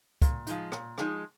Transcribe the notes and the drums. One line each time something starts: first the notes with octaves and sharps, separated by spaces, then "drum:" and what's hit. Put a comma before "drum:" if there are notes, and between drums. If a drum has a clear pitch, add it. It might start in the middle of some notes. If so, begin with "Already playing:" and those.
A#2, drum: kick, hi-hat
F3 G#3 D#4, drum: hi-hat
A#2, drum: rim click
F3 G#3 D#4, drum: rim click